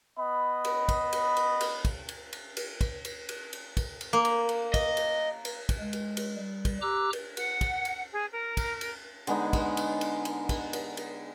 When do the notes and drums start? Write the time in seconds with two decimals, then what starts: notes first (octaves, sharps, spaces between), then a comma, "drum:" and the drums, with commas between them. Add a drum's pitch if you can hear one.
0.19 B3 D#5 B5
0.65 drum: cymbal
0.89 drum: kick, cymbal
1.13 drum: cymbal
1.37 drum: cymbal
1.61 drum: cymbal
1.85 drum: kick, cymbal
2.09 drum: cymbal
2.33 drum: cymbal
2.57 drum: cymbal
2.81 drum: kick, cymbal
3.05 drum: cymbal
3.29 drum: cymbal
3.53 drum: cymbal
3.77 drum: kick, cymbal
4.01 drum: cymbal
4.13 A#3
4.25 drum: cymbal
4.49 drum: cymbal
4.74 D#5, drum: kick, cymbal
4.97 drum: cymbal
5.45 drum: cymbal
5.69 drum: kick, cymbal
5.79 G#3
5.93 drum: cymbal
6.17 drum: cymbal
6.37 G3
6.65 drum: kick, cymbal
6.82 G4 A#5 D6 E6 F#6
7.13 drum: cymbal
7.37 F#5, drum: cymbal
7.61 drum: kick, cymbal
7.85 drum: cymbal
8.12 G#4
8.33 A#4
8.57 drum: kick, cymbal
8.81 drum: cymbal
9.27 D3 G#3 B3 D#4, drum: cymbal
9.53 drum: kick, cymbal
9.77 drum: cymbal
10.01 drum: cymbal
10.25 drum: cymbal
10.49 drum: kick, cymbal
10.73 drum: cymbal
10.97 drum: cymbal